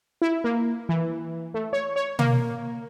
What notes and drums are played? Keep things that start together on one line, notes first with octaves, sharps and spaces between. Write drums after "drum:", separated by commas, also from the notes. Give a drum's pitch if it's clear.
E4
A#3
E3
A3
C#5
C#5
A#3, drum: tom B2